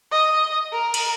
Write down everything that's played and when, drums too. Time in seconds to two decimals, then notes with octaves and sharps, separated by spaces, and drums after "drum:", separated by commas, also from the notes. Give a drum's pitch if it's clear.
0.12 D#5
0.73 A#4
0.94 drum: cymbal